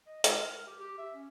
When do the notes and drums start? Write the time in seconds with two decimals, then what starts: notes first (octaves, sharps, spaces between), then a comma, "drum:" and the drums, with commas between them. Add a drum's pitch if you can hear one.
0.06 D#5
0.24 G#3, drum: hi-hat
0.40 F6
0.53 A#4
0.67 G4
0.80 G4
0.98 E5
1.14 C#4